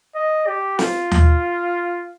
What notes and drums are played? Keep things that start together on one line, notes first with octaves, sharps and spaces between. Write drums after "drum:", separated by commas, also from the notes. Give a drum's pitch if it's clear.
D#5
G4
F4, drum: snare
drum: tom D#2